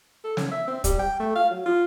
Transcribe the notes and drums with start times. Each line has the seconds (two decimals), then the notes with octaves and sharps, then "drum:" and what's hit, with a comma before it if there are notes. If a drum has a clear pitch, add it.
0.24 A4
0.37 C#4, drum: snare
0.51 E5
0.68 C4
0.84 G3, drum: kick, hi-hat
0.99 G5
1.20 A3
1.35 F5
1.50 F#3
1.66 F4